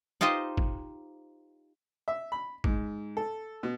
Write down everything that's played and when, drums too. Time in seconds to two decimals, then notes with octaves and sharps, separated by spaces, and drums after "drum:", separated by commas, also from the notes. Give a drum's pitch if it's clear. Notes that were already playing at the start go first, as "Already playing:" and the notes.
0.21 D#4 F4 G4 C5 D#5
0.57 drum: kick
2.08 E5
2.32 B5
2.64 G#2, drum: kick
3.17 A4
3.63 B2